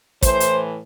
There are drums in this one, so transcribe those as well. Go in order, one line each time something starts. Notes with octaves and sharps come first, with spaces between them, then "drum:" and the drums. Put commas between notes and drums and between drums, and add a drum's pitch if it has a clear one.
A2 E3 C5, drum: kick, hi-hat
drum: hi-hat